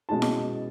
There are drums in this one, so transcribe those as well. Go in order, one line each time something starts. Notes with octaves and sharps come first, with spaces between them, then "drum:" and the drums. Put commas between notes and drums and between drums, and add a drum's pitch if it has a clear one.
B2 G#3 C#4 E4 A5
drum: snare E4